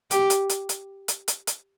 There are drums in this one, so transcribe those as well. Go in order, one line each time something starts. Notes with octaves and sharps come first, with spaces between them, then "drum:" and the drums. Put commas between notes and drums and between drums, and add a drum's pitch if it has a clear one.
G4, drum: hi-hat
drum: hi-hat
drum: hi-hat
drum: hi-hat
drum: hi-hat
drum: hi-hat
drum: hi-hat